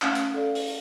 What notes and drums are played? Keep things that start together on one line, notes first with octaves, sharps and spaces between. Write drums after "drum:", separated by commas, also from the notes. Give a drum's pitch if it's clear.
A3 C#4 F5 F#5, drum: clap
drum: hi-hat
A4 D5 F5
drum: open hi-hat